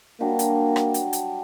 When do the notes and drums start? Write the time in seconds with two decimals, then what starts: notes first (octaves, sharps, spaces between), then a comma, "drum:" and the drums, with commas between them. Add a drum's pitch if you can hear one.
0.20 F#3 G3 A#3 D4
0.39 drum: hi-hat
0.76 drum: rim click
0.94 drum: hi-hat
1.13 drum: hi-hat